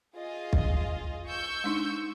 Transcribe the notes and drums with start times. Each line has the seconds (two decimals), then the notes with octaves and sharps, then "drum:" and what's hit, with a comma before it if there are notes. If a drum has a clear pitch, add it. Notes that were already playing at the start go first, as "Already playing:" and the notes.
0.15 F4 G#4 D#5
0.53 drum: kick
1.29 C#6 E6 G6
1.64 G#3 D4 D#4